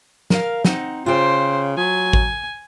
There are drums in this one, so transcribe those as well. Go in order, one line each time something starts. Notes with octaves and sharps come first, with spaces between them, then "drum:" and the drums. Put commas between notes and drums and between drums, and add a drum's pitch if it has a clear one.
A#4 F5, drum: snare
C4 D#4 F#5, drum: snare
C#3 F4 C5 G5
F#3 G#5
drum: kick A1